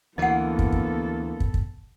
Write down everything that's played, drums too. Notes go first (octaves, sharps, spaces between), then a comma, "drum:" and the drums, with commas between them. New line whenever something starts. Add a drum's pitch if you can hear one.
D2 E3 A#3 B3 A4 D#5 F#5
drum: kick
drum: kick
drum: kick
drum: kick